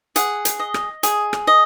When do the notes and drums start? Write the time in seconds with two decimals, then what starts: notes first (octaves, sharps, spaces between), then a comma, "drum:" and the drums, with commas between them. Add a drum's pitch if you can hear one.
0.16 G#4 F#5, drum: hi-hat
0.45 drum: hi-hat
0.59 D#5
0.74 drum: rim click
1.03 G#4, drum: hi-hat
1.33 drum: rim click
1.47 D#5